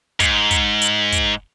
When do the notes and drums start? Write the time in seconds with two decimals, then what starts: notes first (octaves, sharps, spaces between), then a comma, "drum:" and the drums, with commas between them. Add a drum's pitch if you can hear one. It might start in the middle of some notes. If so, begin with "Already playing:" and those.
0.20 G#2, drum: kick, hi-hat
0.51 drum: kick, hi-hat
0.82 drum: hi-hat
1.12 drum: kick, hi-hat